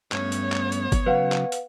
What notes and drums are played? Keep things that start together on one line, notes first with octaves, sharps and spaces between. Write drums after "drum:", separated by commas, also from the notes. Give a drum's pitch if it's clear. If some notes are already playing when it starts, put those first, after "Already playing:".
G2 A3 B3 C#4 C#5, drum: clap
drum: hi-hat
drum: clap
drum: hi-hat
drum: kick, hi-hat
C#3 F#3 B4 F5 F#5
drum: clap
drum: hi-hat